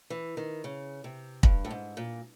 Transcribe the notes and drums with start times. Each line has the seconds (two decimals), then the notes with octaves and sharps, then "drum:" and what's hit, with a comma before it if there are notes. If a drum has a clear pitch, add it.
0.10 E3
0.37 D#3
0.64 C#3
1.04 C3
1.43 G2, drum: kick
1.65 A2
1.71 G#2
1.97 A#2